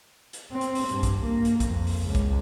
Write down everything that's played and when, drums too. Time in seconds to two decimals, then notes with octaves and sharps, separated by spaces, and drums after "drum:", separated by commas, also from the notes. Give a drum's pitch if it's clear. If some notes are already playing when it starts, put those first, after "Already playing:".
0.33 drum: hi-hat
0.52 C4
0.61 drum: hi-hat
0.75 drum: open hi-hat
0.89 G2, drum: hi-hat
1.03 drum: kick A#1, hi-hat
1.25 A#3
1.45 drum: hi-hat
1.60 F2, drum: kick A#1, hi-hat
1.87 drum: open hi-hat
2.04 C#2
2.15 drum: kick A#1, hi-hat